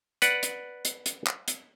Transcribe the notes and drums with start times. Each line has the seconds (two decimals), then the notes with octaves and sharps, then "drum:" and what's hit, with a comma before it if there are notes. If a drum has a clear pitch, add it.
0.22 B4 D5 F#5, drum: hi-hat
0.43 drum: hi-hat
0.85 drum: hi-hat
1.06 drum: hi-hat
1.27 drum: clap
1.48 drum: hi-hat